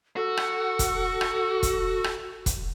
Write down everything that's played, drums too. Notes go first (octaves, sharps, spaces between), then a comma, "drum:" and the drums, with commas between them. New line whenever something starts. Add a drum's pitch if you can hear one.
F#4 A4
drum: rim click
drum: kick, hi-hat
drum: rim click
drum: kick, hi-hat
drum: rim click
drum: kick, hi-hat